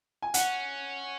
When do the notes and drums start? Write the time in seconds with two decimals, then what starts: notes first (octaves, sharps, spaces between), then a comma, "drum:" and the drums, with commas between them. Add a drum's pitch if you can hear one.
0.22 G#5
0.34 C#4 F#5, drum: hi-hat